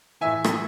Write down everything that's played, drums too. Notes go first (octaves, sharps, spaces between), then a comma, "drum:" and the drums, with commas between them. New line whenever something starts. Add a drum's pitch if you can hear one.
A2 E3 E5 G#5
drum: rim click